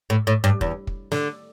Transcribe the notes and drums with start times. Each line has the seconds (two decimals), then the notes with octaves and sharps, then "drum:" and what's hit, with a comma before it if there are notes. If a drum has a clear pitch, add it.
0.10 A2
0.27 A2
0.44 G2
0.61 E2, drum: kick
0.87 drum: kick
1.12 D3, drum: snare